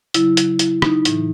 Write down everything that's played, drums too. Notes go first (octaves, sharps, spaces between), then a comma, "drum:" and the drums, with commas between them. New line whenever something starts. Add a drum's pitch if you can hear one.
C#3 F#3 E4, drum: hi-hat
drum: hi-hat
E4, drum: hi-hat
D#4, drum: rim click
A2 E3, drum: hi-hat